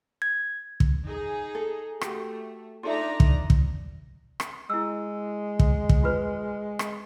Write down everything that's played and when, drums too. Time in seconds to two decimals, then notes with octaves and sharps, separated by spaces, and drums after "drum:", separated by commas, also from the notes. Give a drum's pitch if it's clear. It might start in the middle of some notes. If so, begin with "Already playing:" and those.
0.22 G#6
0.80 drum: kick
1.06 D#4 G#4
1.55 A4
2.01 A3 F#4 G4, drum: rim click
2.83 D4 D#4 F4 A4 E5 A#5
3.20 drum: kick
3.50 drum: kick
4.40 drum: rim click
4.70 G#3 E4 E6
5.59 drum: kick
5.89 drum: kick
6.03 F4 B4 C5
6.79 drum: rim click